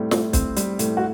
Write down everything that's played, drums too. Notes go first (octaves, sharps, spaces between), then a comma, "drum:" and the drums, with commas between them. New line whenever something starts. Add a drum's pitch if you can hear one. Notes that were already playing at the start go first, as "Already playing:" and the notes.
Already playing: A2 G3 C4
A2, drum: snare
C4, drum: kick, hi-hat
G3, drum: hi-hat
A2, drum: hi-hat
F#4